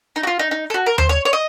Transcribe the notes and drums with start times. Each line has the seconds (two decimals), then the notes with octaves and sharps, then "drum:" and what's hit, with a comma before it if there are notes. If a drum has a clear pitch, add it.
0.16 D#4
0.23 F#4
0.27 F4
0.39 D#4
0.51 D#4
0.70 A4
0.74 F#4
0.86 A#4
0.98 C5, drum: tom D#2
1.09 C#5
1.25 C#5
1.33 D#5